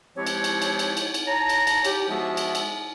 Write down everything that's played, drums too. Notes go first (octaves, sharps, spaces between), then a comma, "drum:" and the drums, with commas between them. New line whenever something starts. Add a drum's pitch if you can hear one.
F3 G#3 C4 E4 G4 C#5
drum: cymbal
drum: cymbal
drum: cymbal
drum: cymbal
drum: cymbal
drum: cymbal
C#5 A5 A#5
drum: cymbal
drum: cymbal
G4, drum: cymbal
F3 G#3 B3 F#4 G#4 E5
drum: cymbal
drum: cymbal